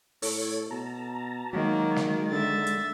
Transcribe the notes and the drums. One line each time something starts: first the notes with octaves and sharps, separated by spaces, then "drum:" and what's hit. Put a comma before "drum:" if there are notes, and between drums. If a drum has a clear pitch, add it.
A2 A4 C#5, drum: open hi-hat
B2 A5 A#5
D#3 F#3 G#3 A#3
drum: snare
D3 E5 A6
drum: hi-hat